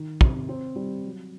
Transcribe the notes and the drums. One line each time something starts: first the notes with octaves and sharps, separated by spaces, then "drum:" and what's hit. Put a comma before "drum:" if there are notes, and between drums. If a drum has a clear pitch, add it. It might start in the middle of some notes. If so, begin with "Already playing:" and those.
Already playing: D#3
C3, drum: kick
C4
G3
F#3